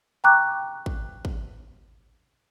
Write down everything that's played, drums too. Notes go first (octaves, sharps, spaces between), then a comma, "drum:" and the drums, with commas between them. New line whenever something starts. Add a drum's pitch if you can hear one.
G5 A#5 C#6 D6 F#6
drum: kick
drum: kick